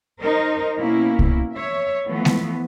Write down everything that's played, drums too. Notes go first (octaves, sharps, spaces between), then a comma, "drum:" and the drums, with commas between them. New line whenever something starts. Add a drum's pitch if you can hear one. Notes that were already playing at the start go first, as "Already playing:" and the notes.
D#4 A#4 C5
B2 A#3 C#4 E4
drum: kick C2
C#5 E5
E3 F3 A3 B3
drum: snare G#3